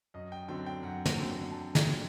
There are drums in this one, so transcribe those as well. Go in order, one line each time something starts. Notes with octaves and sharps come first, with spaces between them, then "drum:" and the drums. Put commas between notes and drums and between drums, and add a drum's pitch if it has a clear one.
F#2 D#5
G5
D3 F#3 C4 G5
G5
F#2 F#5
C5, drum: snare
D3 F#3 C4
G5
F#2 A5
G5, drum: snare
D3 F#3 C4